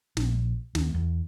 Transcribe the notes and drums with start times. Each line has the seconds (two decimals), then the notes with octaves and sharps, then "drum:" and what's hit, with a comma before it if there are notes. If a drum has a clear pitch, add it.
0.17 A#1, drum: snare
0.75 D#2, drum: snare
0.94 E2